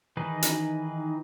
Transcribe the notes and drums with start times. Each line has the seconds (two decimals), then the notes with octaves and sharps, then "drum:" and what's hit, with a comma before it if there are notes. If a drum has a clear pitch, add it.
0.17 D#3 E3 D#4 G#4 B4
0.42 drum: hi-hat